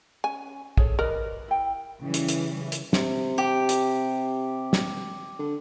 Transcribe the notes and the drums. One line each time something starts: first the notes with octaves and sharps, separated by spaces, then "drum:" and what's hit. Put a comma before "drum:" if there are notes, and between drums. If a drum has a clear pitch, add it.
C#4 G#5
G#4 A4 C#5, drum: kick
A#4 B4 D5 D#5
E4 G5
C#3 E3 G3
drum: hi-hat
drum: hi-hat
drum: hi-hat
C3, drum: snare
G4
drum: hi-hat
drum: snare
D3